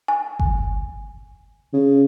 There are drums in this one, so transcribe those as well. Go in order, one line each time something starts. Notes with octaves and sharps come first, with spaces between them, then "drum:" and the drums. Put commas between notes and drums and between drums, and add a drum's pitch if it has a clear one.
G#5
drum: kick G1
C#3